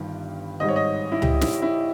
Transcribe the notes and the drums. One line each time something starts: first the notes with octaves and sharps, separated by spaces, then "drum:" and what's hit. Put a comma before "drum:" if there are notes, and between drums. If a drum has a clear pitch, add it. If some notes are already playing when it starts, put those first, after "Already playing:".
Already playing: G1 G2 D#3 G3
G#1 G#2 G3 D#5
C#5
D#5
E4
G4, drum: tom C#2
E4, drum: snare
E4